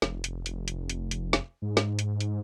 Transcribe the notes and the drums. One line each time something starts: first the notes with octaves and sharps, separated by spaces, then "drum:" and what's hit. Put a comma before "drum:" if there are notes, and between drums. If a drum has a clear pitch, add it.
F1, drum: snare
drum: hi-hat
drum: hi-hat
drum: hi-hat
drum: hi-hat
drum: hi-hat
drum: snare
G#2
drum: snare
drum: hi-hat
drum: hi-hat